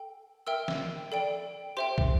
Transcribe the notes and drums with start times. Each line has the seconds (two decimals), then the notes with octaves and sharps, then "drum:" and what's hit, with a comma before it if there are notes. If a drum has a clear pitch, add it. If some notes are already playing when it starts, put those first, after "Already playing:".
Already playing: A4 G5
0.47 A#4 E5 G5 E6
0.68 drum: snare
1.12 A4 D5 G5
1.77 G4 C5 E5 G5 C6
1.98 drum: kick